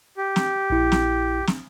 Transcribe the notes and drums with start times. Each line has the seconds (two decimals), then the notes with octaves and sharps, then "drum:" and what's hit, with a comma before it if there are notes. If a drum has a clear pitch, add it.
0.17 G4
0.36 drum: snare
0.70 A#1 E4
0.92 drum: snare
1.47 drum: snare